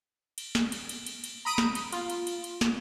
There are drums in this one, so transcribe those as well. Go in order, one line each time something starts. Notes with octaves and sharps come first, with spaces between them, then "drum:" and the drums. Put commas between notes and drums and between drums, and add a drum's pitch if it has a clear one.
drum: cymbal
drum: snare
drum: cymbal
drum: cymbal
drum: cymbal
drum: cymbal
A#5 B5 D#6 D7 D#7
drum: snare
drum: cymbal
F4, drum: cymbal
drum: cymbal
drum: cymbal
drum: cymbal
drum: snare